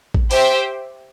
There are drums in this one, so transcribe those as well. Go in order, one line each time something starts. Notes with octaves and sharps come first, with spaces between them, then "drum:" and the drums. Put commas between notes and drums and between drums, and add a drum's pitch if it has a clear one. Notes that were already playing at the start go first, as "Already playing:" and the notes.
drum: kick
G4 C5 E5 G5, drum: open hi-hat